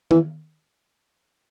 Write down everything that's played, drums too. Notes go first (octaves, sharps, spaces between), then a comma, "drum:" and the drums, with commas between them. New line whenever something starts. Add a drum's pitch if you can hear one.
E3, drum: tom D#3